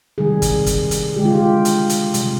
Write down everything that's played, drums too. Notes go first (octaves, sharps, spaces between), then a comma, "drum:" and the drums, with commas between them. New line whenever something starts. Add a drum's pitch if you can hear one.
C3 D#3 G3 G#4
drum: kick G1, hi-hat
drum: kick G1, hi-hat
drum: hi-hat
D3 G#3 G4
F4
G4
drum: hi-hat
drum: hi-hat
C3 G3, drum: hi-hat